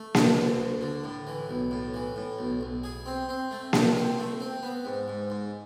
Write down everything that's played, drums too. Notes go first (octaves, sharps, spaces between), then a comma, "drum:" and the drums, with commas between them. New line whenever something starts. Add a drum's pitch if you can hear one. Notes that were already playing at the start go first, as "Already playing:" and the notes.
Already playing: A3
D3, drum: snare A#3
D2
D2
D3
A2
E3
B1
A2
E3
A2
B1
B1
G#4
C4
C4
A3
A3, drum: snare A#3
C4
A3
C4
B3
G#2
G#2
G#2